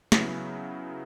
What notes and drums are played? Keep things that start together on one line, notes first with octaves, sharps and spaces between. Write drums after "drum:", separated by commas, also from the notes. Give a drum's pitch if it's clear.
C#3 F#3 B3 E4, drum: snare